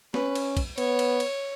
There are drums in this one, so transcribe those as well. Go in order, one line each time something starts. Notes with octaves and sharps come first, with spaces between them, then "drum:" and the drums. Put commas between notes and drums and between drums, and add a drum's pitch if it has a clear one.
C#4 B4, drum: snare
drum: cymbal
drum: kick, cymbal
B3 C#5, drum: cymbal
drum: cymbal
drum: cymbal